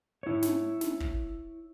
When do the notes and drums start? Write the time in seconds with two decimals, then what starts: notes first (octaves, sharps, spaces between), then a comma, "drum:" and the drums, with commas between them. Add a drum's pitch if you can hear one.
0.23 E4 C#5
0.42 drum: snare
0.81 drum: snare
1.00 drum: kick